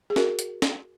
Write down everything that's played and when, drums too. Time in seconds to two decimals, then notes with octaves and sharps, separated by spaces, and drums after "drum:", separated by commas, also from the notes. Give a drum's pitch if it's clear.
0.10 G#4
0.16 F#4 A#4, drum: snare
0.39 drum: hi-hat
0.62 drum: snare